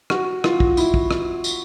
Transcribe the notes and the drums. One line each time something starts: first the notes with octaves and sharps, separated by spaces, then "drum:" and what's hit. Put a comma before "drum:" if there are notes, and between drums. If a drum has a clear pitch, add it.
F#4, drum: rim click
F4, drum: rim click
drum: kick
E4, drum: tambourine
drum: kick
drum: rim click
drum: tambourine